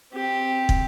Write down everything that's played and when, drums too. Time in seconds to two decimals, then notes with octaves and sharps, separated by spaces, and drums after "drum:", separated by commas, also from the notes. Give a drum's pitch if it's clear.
0.12 C4 G4
0.69 drum: kick